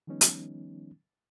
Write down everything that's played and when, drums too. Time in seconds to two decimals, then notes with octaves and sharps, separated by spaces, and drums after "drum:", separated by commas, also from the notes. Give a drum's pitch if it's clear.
0.07 D#3 F3 G3 B3 C#4 D#4
0.21 drum: hi-hat